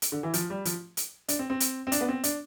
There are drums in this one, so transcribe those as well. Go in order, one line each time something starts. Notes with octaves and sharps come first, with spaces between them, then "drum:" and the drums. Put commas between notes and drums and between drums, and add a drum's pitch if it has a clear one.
drum: hi-hat
D3
E3
F3, drum: hi-hat
G3
F3, drum: hi-hat
drum: hi-hat
D4, drum: hi-hat
C4
C4
drum: hi-hat
C4
D4, drum: hi-hat
B3
C4
D4, drum: hi-hat